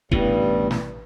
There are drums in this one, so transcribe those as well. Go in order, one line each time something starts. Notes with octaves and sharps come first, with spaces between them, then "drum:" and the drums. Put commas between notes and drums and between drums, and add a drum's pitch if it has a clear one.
A1 G2 B2 E3 G3, drum: kick
drum: snare